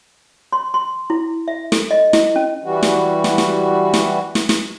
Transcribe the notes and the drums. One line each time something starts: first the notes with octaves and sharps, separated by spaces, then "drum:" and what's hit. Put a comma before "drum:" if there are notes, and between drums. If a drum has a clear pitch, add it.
C6
C6
E4
E5
A4, drum: snare
D#5
E4, drum: snare
C#4
E3 G3 F#4
drum: snare
drum: snare
drum: snare
drum: snare
drum: snare
drum: snare